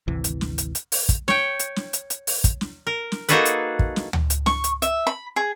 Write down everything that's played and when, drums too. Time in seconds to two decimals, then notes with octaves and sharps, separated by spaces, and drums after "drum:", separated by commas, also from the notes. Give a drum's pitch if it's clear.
0.08 G#1 D2 C3 E3
0.24 drum: hi-hat
0.41 drum: snare
0.58 drum: hi-hat
0.75 drum: hi-hat
0.92 drum: open hi-hat
1.09 drum: kick, hi-hat
1.28 C#5 G5, drum: snare
1.59 drum: hi-hat
1.76 drum: snare
1.93 drum: hi-hat
2.10 drum: hi-hat
2.27 drum: open hi-hat
2.44 drum: kick, hi-hat
2.61 drum: snare
2.87 A#4
3.12 drum: snare
3.29 A#3 D#4 F#4 G#4 A4 B4, drum: hi-hat
3.45 drum: hi-hat
3.79 drum: kick
3.96 drum: snare
4.13 drum: tom D2
4.30 drum: hi-hat
4.46 C#6, drum: snare
4.64 drum: hi-hat
4.82 E5, drum: hi-hat
5.07 B5
5.36 G#4